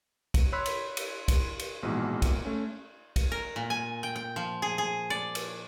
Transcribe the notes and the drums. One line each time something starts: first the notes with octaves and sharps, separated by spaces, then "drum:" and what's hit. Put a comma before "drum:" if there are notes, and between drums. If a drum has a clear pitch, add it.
drum: kick, cymbal
C#5 B5 C6 E6 F#6 B6
drum: cymbal
drum: cymbal
drum: kick, cymbal
drum: cymbal
A#1 G#2 B2 E3
drum: kick, cymbal
A3 C#4
drum: kick, cymbal
A#4
A#2
G#5
G5
G5
F3
G#4
G#4
D5
drum: cymbal